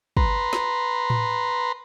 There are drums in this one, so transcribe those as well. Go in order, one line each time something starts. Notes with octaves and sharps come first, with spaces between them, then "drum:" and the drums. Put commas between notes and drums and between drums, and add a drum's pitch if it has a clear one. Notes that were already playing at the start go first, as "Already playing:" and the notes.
B4 A#5 C6, drum: kick
drum: snare
drum: tom A2